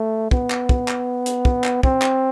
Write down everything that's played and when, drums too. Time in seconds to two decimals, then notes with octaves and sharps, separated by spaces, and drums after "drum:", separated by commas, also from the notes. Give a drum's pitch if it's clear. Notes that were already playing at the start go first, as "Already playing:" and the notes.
Already playing: A3
0.31 B3, drum: kick
0.50 drum: clap
0.69 drum: kick
0.88 drum: clap
1.26 drum: hi-hat
1.45 drum: kick
1.64 drum: clap
1.83 C4, drum: kick
2.02 drum: clap